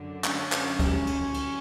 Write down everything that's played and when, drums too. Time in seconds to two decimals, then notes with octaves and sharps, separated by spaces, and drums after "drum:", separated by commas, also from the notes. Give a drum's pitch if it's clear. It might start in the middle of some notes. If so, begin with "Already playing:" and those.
Already playing: F#2 D3
0.24 C#4, drum: clap
0.52 drum: clap
0.79 drum: kick, cymbal
1.07 drum: cymbal
1.34 drum: cymbal